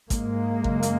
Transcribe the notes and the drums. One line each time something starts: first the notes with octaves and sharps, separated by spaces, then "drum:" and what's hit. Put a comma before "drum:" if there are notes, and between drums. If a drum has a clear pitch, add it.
G#2 G#3 A#3, drum: kick, hi-hat
F#2 C#3, drum: kick
drum: hi-hat